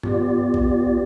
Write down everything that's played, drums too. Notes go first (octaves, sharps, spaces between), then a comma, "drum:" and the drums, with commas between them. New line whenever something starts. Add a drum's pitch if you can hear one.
B3 F4 G4 D5, drum: tom G2
drum: kick A#1